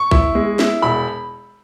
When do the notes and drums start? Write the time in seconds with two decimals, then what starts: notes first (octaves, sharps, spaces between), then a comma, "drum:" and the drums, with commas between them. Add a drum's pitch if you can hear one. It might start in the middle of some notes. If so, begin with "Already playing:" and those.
Already playing: C#6
0.11 E4, drum: kick A#1
0.35 G#3
0.59 E4, drum: snare
0.82 E1 B5